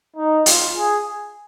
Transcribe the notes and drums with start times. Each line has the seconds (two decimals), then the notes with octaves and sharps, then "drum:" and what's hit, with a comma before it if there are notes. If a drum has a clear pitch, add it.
0.16 D#4
0.46 F4, drum: hi-hat
0.76 G#4